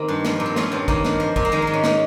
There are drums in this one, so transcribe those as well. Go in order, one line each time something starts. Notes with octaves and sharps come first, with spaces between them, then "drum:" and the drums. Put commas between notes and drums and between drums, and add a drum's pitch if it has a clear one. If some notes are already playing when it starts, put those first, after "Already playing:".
Already playing: D#3 A#3 C4 D#4
G2
F3, drum: snare
A#2
C4
F3 C#4, drum: snare
G2 C4
D#3 A#3, drum: kick
G2, drum: snare
F3
A#2, drum: kick
A#3
D#3 G#3
G#2 D#4
C#4
D#3 D#4, drum: snare